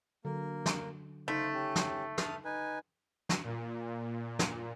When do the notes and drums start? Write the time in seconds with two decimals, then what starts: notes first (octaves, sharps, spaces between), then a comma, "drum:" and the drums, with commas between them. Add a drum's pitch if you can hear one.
0.25 D3 F#3 A#3 A#4
0.66 drum: snare
1.28 C#3 A3 D#4 A4 C5 F5
1.53 C#4 G4
1.75 drum: snare
2.18 A5 D#6 F6, drum: snare
2.45 D#4 B4 G#5
3.29 drum: snare
3.44 A#2
4.39 drum: snare